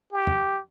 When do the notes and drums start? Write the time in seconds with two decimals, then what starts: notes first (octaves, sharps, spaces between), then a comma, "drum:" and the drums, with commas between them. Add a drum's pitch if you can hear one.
0.12 G4
0.27 drum: tom